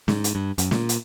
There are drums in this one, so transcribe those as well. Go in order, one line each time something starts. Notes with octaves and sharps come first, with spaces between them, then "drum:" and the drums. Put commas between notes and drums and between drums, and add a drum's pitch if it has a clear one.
G#2, drum: snare
drum: hi-hat
G2
F#2, drum: hi-hat
A#2, drum: snare
drum: hi-hat